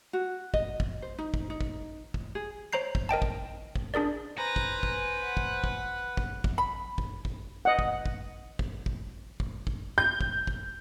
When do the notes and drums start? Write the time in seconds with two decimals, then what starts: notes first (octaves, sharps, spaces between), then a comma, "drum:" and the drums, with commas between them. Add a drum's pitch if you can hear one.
0.13 F#4
0.54 D#5, drum: kick
0.80 drum: kick
1.02 C5
1.18 D#4
1.34 drum: kick
1.50 D#4
1.61 drum: kick
2.14 drum: kick
2.35 G#4
2.73 C5 C#5 A#5 G6 C7
2.95 drum: kick
3.09 A#4 D#5 G5 A5
3.22 drum: kick
3.76 drum: kick
3.94 D4 G#4 A#4 D5
4.38 B4 C5 G#5 A#5
4.56 drum: kick
4.83 drum: kick
5.23 F#5
5.37 drum: kick
5.64 drum: kick
6.17 drum: kick
6.44 drum: kick
6.58 B5
6.98 drum: kick
7.25 drum: kick
7.65 D#5 F#5
7.79 drum: kick
8.06 drum: kick
8.59 drum: kick
8.86 drum: kick
9.40 drum: kick
9.67 drum: kick
9.98 G6
10.21 drum: kick
10.47 drum: kick